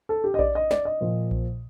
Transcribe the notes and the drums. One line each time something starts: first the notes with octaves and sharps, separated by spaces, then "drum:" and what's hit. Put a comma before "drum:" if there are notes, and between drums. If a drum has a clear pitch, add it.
A4
G4
D#5
D5, drum: kick A#1
D#5
D5, drum: snare
D#5
A#2 F3
drum: kick A#1